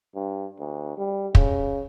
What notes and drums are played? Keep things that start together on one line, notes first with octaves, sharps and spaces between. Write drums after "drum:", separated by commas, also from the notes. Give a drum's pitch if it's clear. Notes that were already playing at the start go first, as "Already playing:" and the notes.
G2
D2
G3
C#3, drum: kick